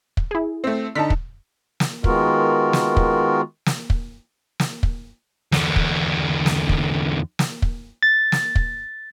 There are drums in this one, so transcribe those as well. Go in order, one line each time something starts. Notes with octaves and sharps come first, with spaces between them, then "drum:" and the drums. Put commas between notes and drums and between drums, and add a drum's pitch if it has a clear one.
drum: kick
E4 G#4
A3 C4
D3 D#4 A5 B6
drum: kick
drum: snare
D#3 G#3 B3 F4 F#4 A#4, drum: kick
drum: snare
drum: kick
drum: snare
drum: kick
drum: snare
drum: kick
E2 D3, drum: snare
drum: kick
drum: snare
drum: kick
drum: snare
drum: kick
A6
drum: snare
drum: kick